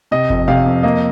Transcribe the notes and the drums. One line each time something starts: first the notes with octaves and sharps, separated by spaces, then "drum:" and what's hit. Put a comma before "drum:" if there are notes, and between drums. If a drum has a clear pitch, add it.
C3 D#5
F2, drum: kick G1
C3 F5
F2
A#3 D#5